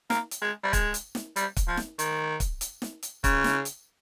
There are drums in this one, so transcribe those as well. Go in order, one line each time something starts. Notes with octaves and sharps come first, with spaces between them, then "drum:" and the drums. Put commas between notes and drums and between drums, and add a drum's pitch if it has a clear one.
A#3, drum: snare
drum: hi-hat
G#3
G3
G#3, drum: kick, hi-hat
drum: hi-hat
drum: snare
G3, drum: hi-hat
drum: kick, hi-hat
F3
drum: snare
D#3, drum: hi-hat
drum: kick, hi-hat
drum: hi-hat
drum: snare
drum: hi-hat
C#3, drum: kick, hi-hat
drum: snare
drum: hi-hat